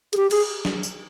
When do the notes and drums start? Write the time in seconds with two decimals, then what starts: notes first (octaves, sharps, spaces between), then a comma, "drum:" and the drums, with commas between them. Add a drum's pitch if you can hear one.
0.13 G#4, drum: hi-hat
0.17 G4
0.31 G#4, drum: cymbal
0.65 drum: snare
0.83 drum: tambourine